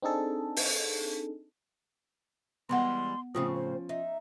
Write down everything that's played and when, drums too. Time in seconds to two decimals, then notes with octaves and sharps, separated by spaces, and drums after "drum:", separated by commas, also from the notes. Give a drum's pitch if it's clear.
0.03 C4 D4 D#4 G#4 A4
0.56 drum: open hi-hat
2.69 E3 G3 G#3 B3 F#5 C6
3.35 A2 C#3 F3 C4 C#4 D#6
3.54 C5
3.89 D#4 E5